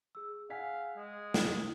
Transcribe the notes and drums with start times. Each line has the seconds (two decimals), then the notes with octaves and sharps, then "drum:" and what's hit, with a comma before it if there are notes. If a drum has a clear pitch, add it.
0.15 G#4 E6
0.50 F5 F#5 G#5 B6
0.96 G#3
1.34 F6, drum: snare
1.58 E4